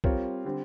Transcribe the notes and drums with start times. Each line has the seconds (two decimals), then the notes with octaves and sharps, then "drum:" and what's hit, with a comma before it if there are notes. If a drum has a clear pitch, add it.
0.04 G3 C4 F4 A#4 C#5, drum: kick
0.45 D3 G3 C4